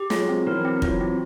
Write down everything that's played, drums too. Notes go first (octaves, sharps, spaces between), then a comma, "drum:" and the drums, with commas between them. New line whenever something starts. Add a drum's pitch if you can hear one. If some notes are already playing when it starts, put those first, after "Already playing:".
Already playing: G4
F#3 G#3 F4, drum: snare
C4
E3 F#3 A#4
C4
E3 F#3 F4, drum: kick
C4